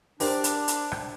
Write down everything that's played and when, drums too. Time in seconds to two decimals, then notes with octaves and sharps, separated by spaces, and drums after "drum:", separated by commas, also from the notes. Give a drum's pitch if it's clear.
0.20 D4 G4 A#4 C5, drum: open hi-hat
0.44 drum: hi-hat
0.68 drum: hi-hat
0.92 drum: rim click